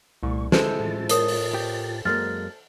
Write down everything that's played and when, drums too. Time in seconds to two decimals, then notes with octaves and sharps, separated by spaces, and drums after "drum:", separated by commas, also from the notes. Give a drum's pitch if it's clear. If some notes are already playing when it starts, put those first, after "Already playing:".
0.23 C2 A#2 A3 C#6
0.52 D3 G#3 E4 A4 C5 A5, drum: snare
0.80 A2 F4 A6
1.09 A#4 C#5 D#6, drum: hi-hat
1.28 drum: open hi-hat
1.54 G4
2.05 F#2 G#3 A#3 F6 A6